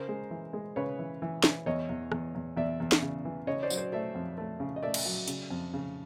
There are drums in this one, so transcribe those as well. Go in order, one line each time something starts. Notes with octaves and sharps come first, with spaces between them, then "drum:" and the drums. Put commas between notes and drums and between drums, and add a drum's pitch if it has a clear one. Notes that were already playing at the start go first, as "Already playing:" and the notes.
Already playing: C#3 A#4 C5
G#3
E3
G#3
C#3 B4 C#5
E3
E3
E3, drum: snare
E2 C#5 D#5
E2
E2, drum: rim click
E2
E2 D5 E5
E2
drum: snare
C#3
E3
C#3 C#5 D#5
C5 D5
F#3, drum: tambourine
C5 D5
A3 D5 E5
F2
A3
C#3
D#5
A3 D5 E5
drum: cymbal
F#3
C#3, drum: hi-hat
F2
C#3